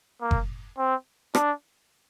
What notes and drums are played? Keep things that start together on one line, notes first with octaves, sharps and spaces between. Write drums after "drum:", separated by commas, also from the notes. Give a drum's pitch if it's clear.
A#3
drum: kick F#1
C4
D4, drum: rim click